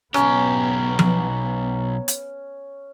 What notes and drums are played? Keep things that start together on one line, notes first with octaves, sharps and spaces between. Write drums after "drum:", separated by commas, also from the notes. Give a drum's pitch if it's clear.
B1 B3 C#4 G4 A#5, drum: rim click
drum: tom F3
drum: hi-hat